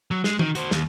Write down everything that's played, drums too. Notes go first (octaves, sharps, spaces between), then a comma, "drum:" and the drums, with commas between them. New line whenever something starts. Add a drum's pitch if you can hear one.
F#3
G#3, drum: snare
D#3, drum: tom E3
F#4 C5, drum: hi-hat
D#2, drum: snare